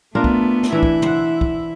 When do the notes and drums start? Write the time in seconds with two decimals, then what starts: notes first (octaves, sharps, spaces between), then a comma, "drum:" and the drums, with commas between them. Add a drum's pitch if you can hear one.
0.15 A3 B3 D4 F4 A#4
0.24 drum: kick
0.63 drum: snare
0.72 E3 D4 E4
0.83 drum: kick
1.02 C5 F#5, drum: tom
1.41 drum: kick